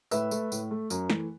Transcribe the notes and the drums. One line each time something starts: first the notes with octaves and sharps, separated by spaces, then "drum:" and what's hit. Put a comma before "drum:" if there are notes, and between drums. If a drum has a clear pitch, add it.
A2 B4 E5, drum: tambourine
A3, drum: tambourine
A2, drum: tambourine
A3
F#2, drum: tambourine
E3 A3, drum: snare